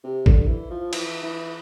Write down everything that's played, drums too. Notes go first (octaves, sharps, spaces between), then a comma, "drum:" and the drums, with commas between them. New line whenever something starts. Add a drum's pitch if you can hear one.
C3
D3, drum: kick
E3
F3
E3, drum: cymbal
E3